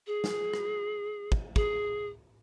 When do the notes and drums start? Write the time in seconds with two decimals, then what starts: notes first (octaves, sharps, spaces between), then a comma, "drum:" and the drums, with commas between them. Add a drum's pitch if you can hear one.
0.07 G#4
0.24 drum: snare
0.54 drum: rim click
1.32 drum: kick
1.56 G#4, drum: kick